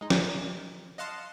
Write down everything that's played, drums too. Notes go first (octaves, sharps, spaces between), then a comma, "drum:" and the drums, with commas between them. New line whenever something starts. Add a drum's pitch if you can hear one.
G#3 D#4
drum: snare
D#5 F5 F#5 A5 C6